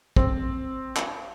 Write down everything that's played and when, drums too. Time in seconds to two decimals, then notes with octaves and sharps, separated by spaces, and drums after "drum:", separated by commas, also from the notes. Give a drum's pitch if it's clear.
0.16 C4, drum: kick
0.96 drum: clap